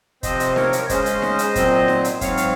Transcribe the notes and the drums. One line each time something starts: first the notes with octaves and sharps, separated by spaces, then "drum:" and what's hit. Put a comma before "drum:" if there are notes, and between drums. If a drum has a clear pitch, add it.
C3 F3 C4 C5 D#5, drum: kick, hi-hat
drum: hi-hat
A#4 C#5, drum: snare D#4
drum: hi-hat
C#3 G#3 C#4 C5 D#5, drum: kick, hi-hat
drum: hi-hat
drum: snare D#4
drum: hi-hat
A#2 F#3 C4, drum: kick, hi-hat
drum: snare D#4
drum: hi-hat
G#2 F#3 C4 C#5 F5, drum: kick, hi-hat
drum: hi-hat